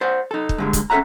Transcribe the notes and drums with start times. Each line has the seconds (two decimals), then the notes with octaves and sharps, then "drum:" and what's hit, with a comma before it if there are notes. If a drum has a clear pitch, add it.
0.01 C5 D5 F#5
0.31 D#4 A4
0.49 drum: kick
0.58 G2 D3 G#3
0.73 drum: kick, hi-hat
0.90 C#4 A4 B4 E5 F#5 A#5